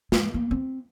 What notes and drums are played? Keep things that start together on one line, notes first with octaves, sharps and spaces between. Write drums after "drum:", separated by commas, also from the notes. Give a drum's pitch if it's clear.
G#3, drum: snare
A#3
C4